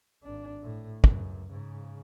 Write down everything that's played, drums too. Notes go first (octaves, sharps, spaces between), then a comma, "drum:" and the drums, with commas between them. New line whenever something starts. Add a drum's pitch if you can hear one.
G#1 D4
A2
C#2 F#2, drum: kick
G#2 C#3